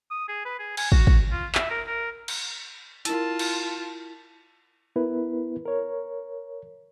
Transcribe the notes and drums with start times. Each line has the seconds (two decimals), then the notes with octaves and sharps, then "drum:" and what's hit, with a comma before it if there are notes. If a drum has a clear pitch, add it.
0.11 D#6
0.28 G#4
0.45 B4
0.59 G#4
0.77 G#5, drum: cymbal
0.92 F#4, drum: kick
1.07 drum: kick
1.32 F4
1.55 E5, drum: clap
1.70 A#4
1.87 A#4
2.28 drum: cymbal
3.05 E4 F4 A#4 A5, drum: hi-hat
3.39 drum: cymbal
4.96 B3 E4 A#4 B4
5.66 A#4 C#5